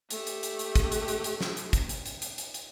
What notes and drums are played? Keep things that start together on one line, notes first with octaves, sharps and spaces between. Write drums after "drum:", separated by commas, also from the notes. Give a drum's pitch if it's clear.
A3 G4, drum: hi-hat
drum: hi-hat
drum: hi-hat
drum: hi-hat
drum: kick, hi-hat
drum: hi-hat
drum: hi-hat
drum: hi-hat
drum: snare
drum: hi-hat
drum: kick, hi-hat
drum: hi-hat
drum: hi-hat
drum: hi-hat
drum: hi-hat
drum: hi-hat